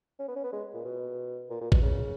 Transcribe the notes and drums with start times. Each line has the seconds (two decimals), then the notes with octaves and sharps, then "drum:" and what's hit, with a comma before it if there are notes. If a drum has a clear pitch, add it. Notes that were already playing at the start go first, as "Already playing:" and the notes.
0.19 C#4
0.28 B3
0.36 C#4
0.44 B3
0.53 G#3
0.74 A#2
0.85 B2
1.50 A#2
1.61 A#2
1.72 B2, drum: kick A1
1.82 C#3